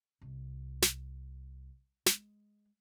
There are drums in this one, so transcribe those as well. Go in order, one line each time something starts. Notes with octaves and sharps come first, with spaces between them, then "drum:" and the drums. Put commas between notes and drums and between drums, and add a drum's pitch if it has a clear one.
C2
drum: snare
G#3, drum: snare